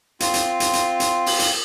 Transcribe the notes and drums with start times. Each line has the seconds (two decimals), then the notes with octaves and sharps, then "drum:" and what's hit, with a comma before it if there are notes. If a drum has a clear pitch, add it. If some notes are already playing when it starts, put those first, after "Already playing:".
0.20 C4 F4, drum: hi-hat
0.34 drum: hi-hat
0.60 drum: hi-hat
0.73 drum: hi-hat
1.00 drum: hi-hat
1.26 drum: open hi-hat
1.40 drum: hi-hat